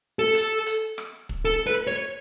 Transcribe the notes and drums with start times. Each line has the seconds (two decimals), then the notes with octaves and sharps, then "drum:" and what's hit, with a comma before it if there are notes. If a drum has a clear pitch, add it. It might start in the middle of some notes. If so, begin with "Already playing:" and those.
0.19 A4
0.35 drum: hi-hat
0.66 drum: hi-hat
0.98 drum: rim click
1.29 drum: kick
1.45 A4
1.67 B4
1.87 C#5